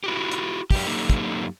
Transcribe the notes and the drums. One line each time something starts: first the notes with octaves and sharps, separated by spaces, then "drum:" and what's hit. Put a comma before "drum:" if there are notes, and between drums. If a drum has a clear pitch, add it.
E4 F#4 G4
drum: hi-hat
F#2 G4, drum: kick, open hi-hat
F#2 A#3 D#4 G4 A4
drum: kick, hi-hat